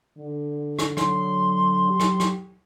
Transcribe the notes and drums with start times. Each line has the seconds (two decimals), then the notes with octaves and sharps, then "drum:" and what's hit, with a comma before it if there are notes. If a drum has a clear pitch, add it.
0.18 D3
0.79 drum: rim click
0.97 F#3 C6, drum: rim click
1.90 G4
2.00 drum: rim click
2.20 drum: rim click